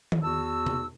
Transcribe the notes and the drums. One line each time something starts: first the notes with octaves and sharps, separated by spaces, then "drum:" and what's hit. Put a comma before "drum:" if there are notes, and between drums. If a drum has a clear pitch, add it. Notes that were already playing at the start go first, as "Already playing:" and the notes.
drum: tom D#3
E2 F#4 A5 E6
drum: tom C3